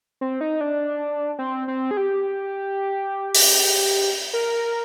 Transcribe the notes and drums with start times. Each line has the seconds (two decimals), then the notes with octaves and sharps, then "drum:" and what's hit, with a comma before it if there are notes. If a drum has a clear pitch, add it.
0.21 C4
0.41 D#4
0.61 D4
1.39 C4
1.68 C4
1.91 G#4
1.97 G4
3.35 drum: open hi-hat
4.33 A#4